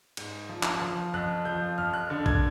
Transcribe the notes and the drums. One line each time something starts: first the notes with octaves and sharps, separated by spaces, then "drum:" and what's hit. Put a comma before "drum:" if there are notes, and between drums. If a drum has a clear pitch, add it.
G#2, drum: cymbal
F3
drum: clap
F3
F2 F#6
F3 G6
F2 F6
F#6
D3
G#6, drum: kick A#1